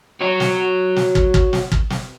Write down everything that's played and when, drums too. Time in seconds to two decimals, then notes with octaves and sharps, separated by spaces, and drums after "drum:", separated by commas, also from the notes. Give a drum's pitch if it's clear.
0.21 F#4 C#5
0.40 drum: snare
0.96 drum: snare
1.15 drum: kick
1.34 drum: kick
1.53 drum: snare
1.72 drum: kick
1.90 drum: snare